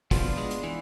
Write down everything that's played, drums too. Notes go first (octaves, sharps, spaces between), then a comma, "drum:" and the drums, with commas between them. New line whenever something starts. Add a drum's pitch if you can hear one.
F3 B3 D4 F4, drum: kick, open hi-hat
G#3
drum: hi-hat
E3